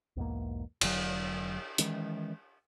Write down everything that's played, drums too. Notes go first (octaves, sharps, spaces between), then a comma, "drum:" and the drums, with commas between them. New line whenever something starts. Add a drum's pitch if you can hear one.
B1 E2 G#2 A#3
F1 D3 F#3, drum: cymbal
D#3 E3 G#3 C#4, drum: hi-hat